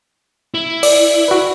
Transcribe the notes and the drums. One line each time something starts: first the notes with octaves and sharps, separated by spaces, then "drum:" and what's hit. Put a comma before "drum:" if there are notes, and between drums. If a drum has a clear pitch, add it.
E4
D5, drum: open hi-hat
F#4 B4